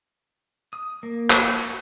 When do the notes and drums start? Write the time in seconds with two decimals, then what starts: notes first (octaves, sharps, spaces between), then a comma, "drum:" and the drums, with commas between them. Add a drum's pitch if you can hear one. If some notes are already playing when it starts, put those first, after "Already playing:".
0.73 D#6
1.03 A#3
1.30 drum: clap
1.46 F#4